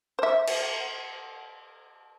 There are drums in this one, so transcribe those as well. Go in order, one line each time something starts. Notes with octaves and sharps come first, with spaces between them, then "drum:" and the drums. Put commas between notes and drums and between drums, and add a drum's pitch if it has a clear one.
C5 E5
drum: cymbal